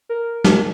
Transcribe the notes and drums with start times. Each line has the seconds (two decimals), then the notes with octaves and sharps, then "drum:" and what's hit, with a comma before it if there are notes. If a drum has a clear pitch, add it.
0.09 A#4
0.44 drum: snare